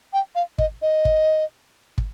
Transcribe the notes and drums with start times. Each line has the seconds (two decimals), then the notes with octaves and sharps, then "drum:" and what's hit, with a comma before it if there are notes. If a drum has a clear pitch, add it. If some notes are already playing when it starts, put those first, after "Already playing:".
0.13 G5
0.35 F5
0.58 D#5, drum: kick
0.82 D#5
1.05 drum: kick
1.98 drum: kick